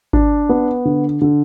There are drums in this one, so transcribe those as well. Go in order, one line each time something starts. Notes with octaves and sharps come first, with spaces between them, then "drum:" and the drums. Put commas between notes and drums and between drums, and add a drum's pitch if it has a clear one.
D4, drum: kick G#1
B3
D3
D3